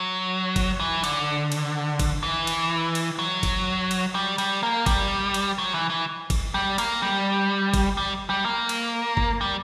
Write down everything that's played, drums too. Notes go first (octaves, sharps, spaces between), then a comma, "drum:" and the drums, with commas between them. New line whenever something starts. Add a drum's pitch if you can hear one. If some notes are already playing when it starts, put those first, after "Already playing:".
Already playing: F#3
drum: kick G1, cymbal
E3
D3, drum: cymbal
drum: cymbal
drum: kick G1, cymbal
E3
drum: cymbal
drum: cymbal
F#3
drum: kick G1, cymbal
drum: cymbal
G3
G3, drum: cymbal
A#3
G3, drum: kick G1, cymbal
drum: cymbal
F#3
E3
E3
drum: kick G1, cymbal
G3
A#3, drum: cymbal
G3
drum: kick G1, cymbal
G3
G3
A#3
drum: cymbal
drum: kick G1
G3